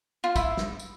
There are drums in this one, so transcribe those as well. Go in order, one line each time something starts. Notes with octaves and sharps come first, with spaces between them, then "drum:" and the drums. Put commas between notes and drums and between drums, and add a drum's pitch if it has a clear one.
F4
E4, drum: kick, tambourine
drum: snare
drum: tambourine